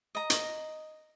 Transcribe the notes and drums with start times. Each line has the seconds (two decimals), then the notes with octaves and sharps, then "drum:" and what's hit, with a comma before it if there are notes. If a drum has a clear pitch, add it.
0.15 D#5 A#5
0.30 drum: hi-hat